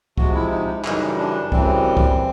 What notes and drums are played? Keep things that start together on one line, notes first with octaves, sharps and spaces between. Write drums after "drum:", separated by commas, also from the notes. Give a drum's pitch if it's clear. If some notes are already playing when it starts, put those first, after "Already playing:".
C3 F3 G#3 F#4, drum: kick
E4
D#4
D#4
F#2 C#3 E3 G3 D#4, drum: clap
D4
F#2 C#3 E3 G3 C4, drum: kick
drum: kick